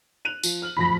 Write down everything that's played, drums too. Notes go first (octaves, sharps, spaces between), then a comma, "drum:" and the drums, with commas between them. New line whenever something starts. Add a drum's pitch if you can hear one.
F#6 D#7 F7
F3, drum: tambourine
F6 F#7
D1 F2 B5 A#6